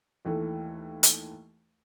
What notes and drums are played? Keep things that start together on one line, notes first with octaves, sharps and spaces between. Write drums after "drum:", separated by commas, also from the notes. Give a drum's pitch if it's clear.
D#2 E3 A3
drum: hi-hat